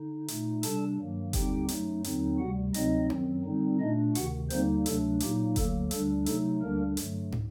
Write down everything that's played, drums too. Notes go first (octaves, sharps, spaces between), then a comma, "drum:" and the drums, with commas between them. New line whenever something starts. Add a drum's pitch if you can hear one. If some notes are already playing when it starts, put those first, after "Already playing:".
Already playing: D3 D#4
A#2 A3 D#4, drum: hi-hat
C3 G3 D4 A4 A5, drum: hi-hat
G2 D#3 F#3 A#3
D#2 D3 G3 C4 D#4 G4 G5, drum: kick F#1, hi-hat
F#2 F#3 A3 D#4, drum: hi-hat
D#2 D3 F#3 C4 D#4, drum: hi-hat
D2 C3 G3 F#4 F#5
D2 C3 F#3 C4 D#4 D#5, drum: hi-hat
F#2 D#3 F#3 C4, drum: tom C4
D3 G3 C4 D#4
A#2 A3 D4 D#4 D#5
D2 C3 D#3 F#4 F#5, drum: hi-hat
D#2 D3 G3 A#3 C4 D#4 C5, drum: hi-hat
D2 C3 F#3 A3 D4 A4, drum: hi-hat
A#2 F#3 A#3 D#4 G4, drum: hi-hat
D2 D3 F#3 A#3 A4, drum: kick F#1, hi-hat
D2 D3 G3 D4 A4, drum: hi-hat
C3 F#3 A3 D#4 A4, drum: hi-hat
D2 D3 G3 A#3 D4 A#4
G2 D3 F#3 A3, drum: hi-hat
drum: tom